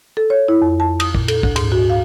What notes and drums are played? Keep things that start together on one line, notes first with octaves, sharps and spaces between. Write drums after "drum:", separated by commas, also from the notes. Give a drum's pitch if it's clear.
A4
C#5
E4
F2
A5
D#6, drum: cymbal
A#2, drum: kick
A4, drum: cymbal
D2, drum: kick
G#2, drum: cymbal
F#4
F5